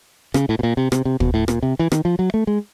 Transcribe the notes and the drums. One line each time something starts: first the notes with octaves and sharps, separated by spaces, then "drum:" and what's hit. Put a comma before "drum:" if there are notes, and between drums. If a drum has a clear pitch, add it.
C#3, drum: rim click
A2
B2
A#2
C3
C3, drum: rim click
C3
B2, drum: kick
A2
A#2, drum: rim click
C3
E3
D#3, drum: rim click
F3
F#3
A3
G#3